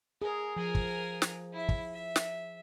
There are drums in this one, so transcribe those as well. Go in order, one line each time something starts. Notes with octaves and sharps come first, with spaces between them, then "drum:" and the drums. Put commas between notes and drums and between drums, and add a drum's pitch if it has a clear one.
G#4 A#4
F3 G#4 A#4
drum: kick
drum: snare
E4 E5
drum: kick
E5
drum: snare